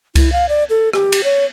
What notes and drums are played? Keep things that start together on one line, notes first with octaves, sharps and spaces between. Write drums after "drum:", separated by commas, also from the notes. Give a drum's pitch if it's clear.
E4, drum: kick C2, cymbal
F5
D5
A4
G4, drum: rim click
drum: cymbal
C#5